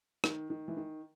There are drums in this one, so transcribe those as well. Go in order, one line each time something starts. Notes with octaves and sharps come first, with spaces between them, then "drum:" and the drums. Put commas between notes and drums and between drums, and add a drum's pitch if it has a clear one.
D#3, drum: rim click
D#3
E3
D#3